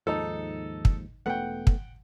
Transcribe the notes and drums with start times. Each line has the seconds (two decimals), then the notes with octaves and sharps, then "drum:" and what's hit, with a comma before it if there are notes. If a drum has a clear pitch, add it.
0.07 D#2 G#2 F3 D#4 A4
0.85 drum: kick
1.26 E1 A3 B3 F#5 G5
1.67 drum: kick